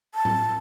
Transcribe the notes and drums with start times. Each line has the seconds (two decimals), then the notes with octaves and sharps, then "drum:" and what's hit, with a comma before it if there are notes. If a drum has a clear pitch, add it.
0.15 A5
0.25 drum: tom